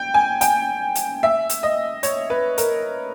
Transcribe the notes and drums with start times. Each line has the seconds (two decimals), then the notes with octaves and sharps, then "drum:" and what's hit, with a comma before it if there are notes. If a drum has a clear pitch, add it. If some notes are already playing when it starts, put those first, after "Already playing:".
Already playing: G5
0.14 G#5
0.41 G5, drum: hi-hat
0.95 drum: hi-hat
1.23 E5
1.49 drum: hi-hat
1.63 D#5
2.03 C#5, drum: hi-hat
2.30 B4
2.58 A#4, drum: hi-hat